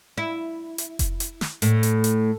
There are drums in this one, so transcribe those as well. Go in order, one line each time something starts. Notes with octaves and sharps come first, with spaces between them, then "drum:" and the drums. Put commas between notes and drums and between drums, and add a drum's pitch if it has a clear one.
E4
drum: hi-hat
drum: kick F1, hi-hat
drum: hi-hat
drum: snare
A2, drum: hi-hat
drum: hi-hat
drum: hi-hat